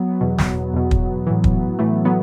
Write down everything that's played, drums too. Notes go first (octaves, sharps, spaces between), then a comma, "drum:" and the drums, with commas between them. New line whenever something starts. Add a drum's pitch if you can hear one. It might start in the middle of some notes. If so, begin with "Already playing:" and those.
Already playing: F#3 B3
E2 B2
drum: snare
E2 B2
drum: kick
A2 E3
drum: kick
A2 E3 A3
F#3 B3